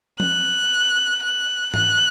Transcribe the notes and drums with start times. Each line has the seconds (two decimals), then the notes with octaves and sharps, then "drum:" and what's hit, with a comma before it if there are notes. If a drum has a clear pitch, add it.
0.20 F#6, drum: tom F3
1.23 F#6
1.74 F#6, drum: tom